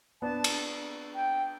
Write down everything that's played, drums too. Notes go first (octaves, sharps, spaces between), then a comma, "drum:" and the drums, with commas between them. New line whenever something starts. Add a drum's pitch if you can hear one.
B3 D4 A5
drum: cymbal
G5